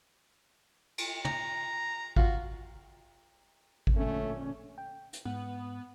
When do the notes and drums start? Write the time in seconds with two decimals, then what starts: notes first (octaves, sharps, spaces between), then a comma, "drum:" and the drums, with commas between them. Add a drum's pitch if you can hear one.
0.98 drum: cymbal
1.25 A#5, drum: tom
2.16 F4 F#4, drum: kick G#1
3.87 drum: kick G#1
3.96 A#1 D3 A3 C#4
4.78 G5
5.13 drum: hi-hat
5.25 G#2 B3 F#5